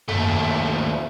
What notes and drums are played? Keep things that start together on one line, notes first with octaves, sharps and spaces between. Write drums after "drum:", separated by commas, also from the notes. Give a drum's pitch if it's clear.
D#2 A3, drum: tom F#2